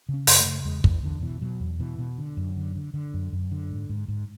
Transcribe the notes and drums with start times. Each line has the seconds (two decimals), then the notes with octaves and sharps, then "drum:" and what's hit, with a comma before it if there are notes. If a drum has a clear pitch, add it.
0.09 C#3
0.14 C#4
0.27 F#2, drum: open hi-hat
0.40 A3
0.46 C#3
0.65 E2 G#3
0.84 E2 E3, drum: kick
1.03 E2 D3
1.22 B2 E3
1.41 B2 F#3
1.60 E2
1.80 B2 E3
1.99 B2
2.18 D3
2.37 F#2
2.57 D3
2.76 D3
2.94 D3
3.14 F#2
3.33 F#2
3.51 D3
3.70 G#2
3.89 G#2
4.08 G#2